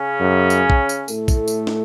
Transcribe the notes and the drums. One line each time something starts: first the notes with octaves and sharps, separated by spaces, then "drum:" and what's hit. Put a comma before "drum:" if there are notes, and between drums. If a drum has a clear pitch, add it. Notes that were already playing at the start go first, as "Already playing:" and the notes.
Already playing: C#3 C#4
F#2
drum: tambourine
drum: kick A#1
drum: tambourine
A2 A3, drum: tambourine
drum: kick A#1, tambourine
drum: tambourine
drum: snare